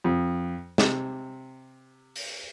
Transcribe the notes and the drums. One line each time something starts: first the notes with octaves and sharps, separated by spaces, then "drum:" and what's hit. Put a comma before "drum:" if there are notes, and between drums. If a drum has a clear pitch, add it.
F2
C3, drum: snare
drum: open hi-hat